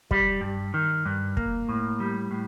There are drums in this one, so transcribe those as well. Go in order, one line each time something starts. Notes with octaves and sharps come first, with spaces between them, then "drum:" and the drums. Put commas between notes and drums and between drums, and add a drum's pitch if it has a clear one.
G3, drum: kick
G2
D#3
G2
A#3, drum: kick
A2
G3
A2